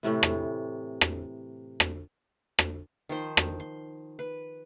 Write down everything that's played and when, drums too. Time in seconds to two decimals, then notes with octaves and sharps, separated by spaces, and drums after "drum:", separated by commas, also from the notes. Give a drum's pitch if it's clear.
0.03 A2 C3 E3
0.23 drum: rim click
1.01 drum: rim click
1.80 drum: rim click
2.59 drum: rim click
3.09 D#3 F3 C5
3.37 drum: rim click
3.60 C6
4.19 B4